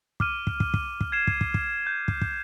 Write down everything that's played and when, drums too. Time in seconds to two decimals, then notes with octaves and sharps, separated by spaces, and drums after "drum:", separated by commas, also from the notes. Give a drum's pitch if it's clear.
0.20 D6 F6 D#7, drum: kick
0.47 drum: kick
0.60 drum: kick
0.74 drum: kick
1.01 drum: kick
1.12 G#6 C7 E7
1.27 drum: kick
1.41 drum: kick
1.54 drum: kick
1.87 G6
2.08 drum: kick
2.22 drum: kick